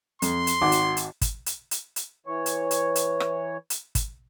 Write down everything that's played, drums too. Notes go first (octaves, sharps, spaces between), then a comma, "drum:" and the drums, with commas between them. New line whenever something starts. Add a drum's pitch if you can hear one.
F2 C6, drum: hi-hat
drum: hi-hat
G#1 F#4 D6
drum: hi-hat
drum: hi-hat
drum: kick, hi-hat
drum: hi-hat
drum: hi-hat
drum: hi-hat
E3 C#5
drum: hi-hat
drum: hi-hat
drum: hi-hat
drum: rim click
drum: hi-hat
drum: kick, hi-hat